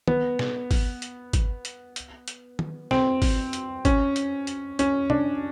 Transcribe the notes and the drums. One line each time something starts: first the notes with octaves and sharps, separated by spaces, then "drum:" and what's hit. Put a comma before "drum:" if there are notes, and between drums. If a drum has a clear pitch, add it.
B3, drum: tom D#3
drum: snare
drum: kick G#1, open hi-hat
drum: hi-hat
drum: kick G#1, hi-hat
drum: hi-hat
drum: hi-hat
drum: hi-hat
drum: tom D#3
C4, drum: snare
drum: kick G#1, open hi-hat
drum: hi-hat
C#4, drum: kick G#1, hi-hat
drum: hi-hat
drum: hi-hat
C#4, drum: hi-hat
D4, drum: tom C3